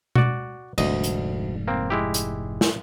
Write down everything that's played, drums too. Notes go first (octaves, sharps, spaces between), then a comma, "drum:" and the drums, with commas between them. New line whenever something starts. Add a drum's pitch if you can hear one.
F#4 D5, drum: tom B2
F1 D2 G#2 G3 D#5, drum: cymbal
drum: hi-hat
A#3 C4
G#3 E4 G4
drum: hi-hat
drum: snare